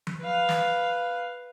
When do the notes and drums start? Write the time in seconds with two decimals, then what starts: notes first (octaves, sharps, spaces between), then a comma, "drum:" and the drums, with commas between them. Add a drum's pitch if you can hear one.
0.07 drum: tom F3
0.21 B4 F5
0.49 drum: snare